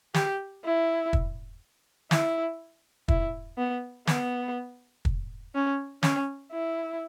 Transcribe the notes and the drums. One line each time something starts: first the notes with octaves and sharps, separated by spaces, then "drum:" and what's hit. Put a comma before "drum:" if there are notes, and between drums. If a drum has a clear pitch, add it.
G4, drum: snare
E4
drum: kick
E4, drum: snare
E4, drum: kick
B3
B3, drum: snare
drum: kick
C#4
C#4, drum: snare
E4